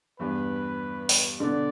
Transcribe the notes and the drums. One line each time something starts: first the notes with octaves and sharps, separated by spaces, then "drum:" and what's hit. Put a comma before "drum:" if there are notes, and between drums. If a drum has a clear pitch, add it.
E2 G2 B4
drum: open hi-hat
B2 D3 D5
B2